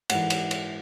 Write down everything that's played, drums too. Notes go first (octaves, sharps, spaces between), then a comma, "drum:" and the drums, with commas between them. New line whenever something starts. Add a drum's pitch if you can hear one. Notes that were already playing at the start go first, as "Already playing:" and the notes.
G#2 E3 F#5, drum: cymbal
drum: cymbal
drum: cymbal